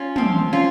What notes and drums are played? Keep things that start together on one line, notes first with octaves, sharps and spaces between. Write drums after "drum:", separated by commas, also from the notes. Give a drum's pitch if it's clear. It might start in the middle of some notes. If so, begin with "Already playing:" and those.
Already playing: C#4 F4
F3 C4, drum: tom
C#4 F4